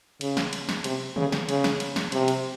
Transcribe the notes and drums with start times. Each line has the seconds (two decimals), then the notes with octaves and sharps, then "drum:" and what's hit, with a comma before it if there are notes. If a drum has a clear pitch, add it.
0.21 C#3, drum: cymbal
0.37 drum: snare
0.53 drum: cymbal
0.69 drum: snare
0.84 C3, drum: cymbal
1.16 C#3, drum: tom D3
1.32 drum: snare
1.49 C#3, drum: cymbal
1.64 drum: snare
1.80 drum: cymbal
1.96 drum: snare
2.12 C3, drum: cymbal
2.28 drum: cymbal